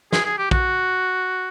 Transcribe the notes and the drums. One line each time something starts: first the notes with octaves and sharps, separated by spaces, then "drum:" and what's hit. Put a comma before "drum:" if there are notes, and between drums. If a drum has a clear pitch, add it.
G#4, drum: snare
G#4
G4
F#4, drum: kick